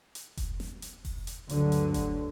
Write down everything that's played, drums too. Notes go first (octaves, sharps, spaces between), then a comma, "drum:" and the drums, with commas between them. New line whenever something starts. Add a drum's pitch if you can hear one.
drum: hi-hat
drum: kick F1, hi-hat
drum: snare
drum: hi-hat
drum: kick F1, open hi-hat
drum: hi-hat
D2 G2 D3 F#3, drum: hi-hat
drum: hi-hat
drum: kick F1, hi-hat